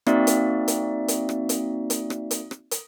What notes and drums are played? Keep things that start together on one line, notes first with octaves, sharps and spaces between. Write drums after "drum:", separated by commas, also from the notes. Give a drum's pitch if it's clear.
A#3 C4 D#4 F#4 D5 E5, drum: rim click
drum: hi-hat
drum: hi-hat
drum: hi-hat
drum: rim click
drum: hi-hat
drum: hi-hat
drum: rim click
drum: hi-hat
drum: rim click
drum: hi-hat